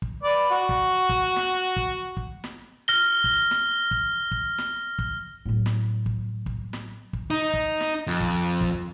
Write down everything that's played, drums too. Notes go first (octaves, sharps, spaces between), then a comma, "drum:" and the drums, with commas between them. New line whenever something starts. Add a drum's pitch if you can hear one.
drum: kick
B4 D5
F#4
drum: kick
drum: kick
drum: snare
drum: kick
drum: kick
drum: snare
F6 A#6 G7
drum: kick
drum: snare
drum: kick
drum: kick
drum: snare
drum: kick
A2 F#3
drum: snare
drum: kick
drum: kick
drum: snare
drum: kick
D#4
drum: kick
drum: snare
F2
drum: kick
drum: kick